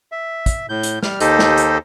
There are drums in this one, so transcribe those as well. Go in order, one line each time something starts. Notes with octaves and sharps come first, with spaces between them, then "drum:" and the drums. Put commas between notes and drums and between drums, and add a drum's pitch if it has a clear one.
E5
drum: kick, hi-hat
A2 G6
drum: hi-hat
G3 F6, drum: snare
D#2 D#4 G4 A4 C5 D#5, drum: hi-hat
drum: snare
drum: hi-hat